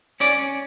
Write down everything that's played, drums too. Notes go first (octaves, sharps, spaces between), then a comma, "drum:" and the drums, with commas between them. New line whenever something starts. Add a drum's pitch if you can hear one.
C#4 D5, drum: hi-hat
C#4